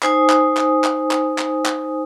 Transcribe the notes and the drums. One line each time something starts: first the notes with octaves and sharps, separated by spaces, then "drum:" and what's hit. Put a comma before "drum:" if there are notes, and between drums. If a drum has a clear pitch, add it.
D#4 C5 G#5 D#6, drum: clap
drum: clap
drum: clap
drum: clap
drum: clap
drum: clap
drum: clap